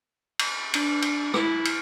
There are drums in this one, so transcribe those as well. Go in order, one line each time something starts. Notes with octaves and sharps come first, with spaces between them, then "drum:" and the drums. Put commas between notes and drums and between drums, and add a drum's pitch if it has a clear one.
drum: cymbal
D4, drum: cymbal
drum: cymbal
E4, drum: rim click
drum: cymbal